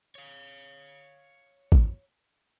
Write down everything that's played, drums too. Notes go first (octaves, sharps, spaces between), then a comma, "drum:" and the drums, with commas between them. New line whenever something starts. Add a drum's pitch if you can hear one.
C#5 F5
drum: kick A1